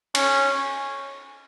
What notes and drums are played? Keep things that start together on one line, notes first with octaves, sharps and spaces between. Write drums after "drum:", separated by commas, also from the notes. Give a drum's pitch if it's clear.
C#4, drum: cymbal